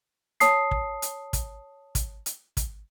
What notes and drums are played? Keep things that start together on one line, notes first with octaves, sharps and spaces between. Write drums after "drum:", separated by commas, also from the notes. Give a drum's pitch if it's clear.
C#5 A5 D#6 C7, drum: hi-hat
drum: kick
drum: hi-hat
drum: kick, hi-hat
drum: kick, hi-hat
drum: hi-hat
drum: kick, hi-hat